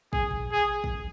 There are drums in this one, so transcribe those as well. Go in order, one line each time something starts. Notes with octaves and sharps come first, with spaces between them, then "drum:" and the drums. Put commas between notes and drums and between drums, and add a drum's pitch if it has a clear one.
G#4, drum: kick
drum: tom A#2
G#4
drum: kick